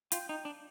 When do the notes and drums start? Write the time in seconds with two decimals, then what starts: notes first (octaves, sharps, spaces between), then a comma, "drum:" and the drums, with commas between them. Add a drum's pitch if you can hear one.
0.12 F4 G5, drum: hi-hat
0.28 D#4 G5
0.45 D4